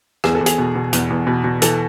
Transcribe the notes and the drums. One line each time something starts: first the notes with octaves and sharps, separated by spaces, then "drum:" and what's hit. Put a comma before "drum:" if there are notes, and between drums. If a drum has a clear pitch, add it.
E2 G#4, drum: rim click
A4
E2
G#4, drum: hi-hat
B2
B2
E2, drum: hi-hat
E2
B2
B2
E3 A4, drum: hi-hat